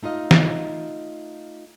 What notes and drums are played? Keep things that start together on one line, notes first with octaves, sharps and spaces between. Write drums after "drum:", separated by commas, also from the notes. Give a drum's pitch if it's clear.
A3 D#4 F4 D#5 F5
drum: snare E3